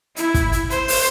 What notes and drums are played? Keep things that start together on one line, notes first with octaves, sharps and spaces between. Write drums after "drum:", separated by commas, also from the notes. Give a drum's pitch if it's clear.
E4, drum: hi-hat
drum: kick, hi-hat
drum: hi-hat
C5, drum: hi-hat
drum: open hi-hat